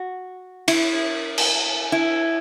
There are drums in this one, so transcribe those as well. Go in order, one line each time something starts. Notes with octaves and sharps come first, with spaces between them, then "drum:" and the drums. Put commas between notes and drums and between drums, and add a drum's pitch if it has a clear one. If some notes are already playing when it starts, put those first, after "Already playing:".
Already playing: F#4
E4, drum: cymbal
drum: cymbal
E4